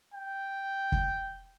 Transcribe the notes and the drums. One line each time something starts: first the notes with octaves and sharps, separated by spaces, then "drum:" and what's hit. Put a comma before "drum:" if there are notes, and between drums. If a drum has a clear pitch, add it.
G5
drum: kick